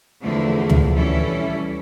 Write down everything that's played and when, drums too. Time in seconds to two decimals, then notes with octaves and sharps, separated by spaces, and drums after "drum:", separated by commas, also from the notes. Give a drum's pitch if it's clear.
0.21 E2 D3 F3 A3 E4
0.69 drum: tom
0.94 E3 G3 C#4 E4 A4